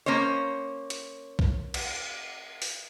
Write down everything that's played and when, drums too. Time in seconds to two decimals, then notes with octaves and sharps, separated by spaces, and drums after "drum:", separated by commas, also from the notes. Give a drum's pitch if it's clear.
0.06 A#3 C#4 C5 C#5
0.90 drum: hi-hat
1.39 drum: kick B1
1.74 drum: cymbal
2.62 drum: open hi-hat